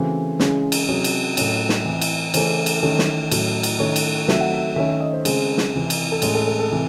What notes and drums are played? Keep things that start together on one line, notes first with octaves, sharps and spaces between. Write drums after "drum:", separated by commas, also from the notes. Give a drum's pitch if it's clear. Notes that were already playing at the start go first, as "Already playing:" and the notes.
Already playing: C#3 E3 A3 C4 F#4
C#3 E3 G#3 C#4, drum: snare
drum: cymbal
C3 F#3 C#4 G#4
drum: cymbal
A2 F#3 C#4, drum: cymbal
drum: snare
E3 C4
drum: cymbal
C#3 E3 A3 C#4 C5, drum: cymbal
drum: cymbal
D#3 A3 C#4 A4
drum: snare
A2 F#3 C#4, drum: cymbal
drum: cymbal
D#3 A3 C#4 C#5
drum: cymbal
D#3 F#3 A3 C4 E5, drum: snare
F#5
E5
D#3 A3 C#4 E5
E5
D#5
C5
C#3 G#3 C4, drum: cymbal
drum: snare
C3 E3 C4
drum: cymbal
A4
A2 G#3 C#4 G#4, drum: cymbal
A4
A4
A4
C3 E3